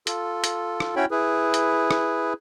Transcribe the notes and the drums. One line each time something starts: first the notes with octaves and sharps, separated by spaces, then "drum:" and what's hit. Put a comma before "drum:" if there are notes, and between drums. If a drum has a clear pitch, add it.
F4 A4, drum: hi-hat
drum: hi-hat
drum: rim click
C#4 E4 F#4 C#5 G5 B5
E4 G#4 B4
drum: hi-hat
drum: rim click